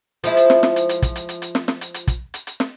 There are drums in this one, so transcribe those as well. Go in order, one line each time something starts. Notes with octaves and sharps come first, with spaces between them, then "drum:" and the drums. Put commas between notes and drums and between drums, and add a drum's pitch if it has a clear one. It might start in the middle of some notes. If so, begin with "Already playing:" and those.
F3 G#3 E4, drum: hi-hat
drum: hi-hat
drum: snare
drum: snare
drum: hi-hat
drum: hi-hat
drum: kick, hi-hat
drum: hi-hat
drum: hi-hat
drum: hi-hat
drum: snare
drum: snare
drum: hi-hat
drum: hi-hat
drum: kick, hi-hat
drum: hi-hat
drum: hi-hat
drum: snare